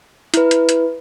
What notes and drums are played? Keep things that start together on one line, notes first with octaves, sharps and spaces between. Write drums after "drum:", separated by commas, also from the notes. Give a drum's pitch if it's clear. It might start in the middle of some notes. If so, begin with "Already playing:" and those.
E4 B4, drum: hi-hat
drum: hi-hat
drum: hi-hat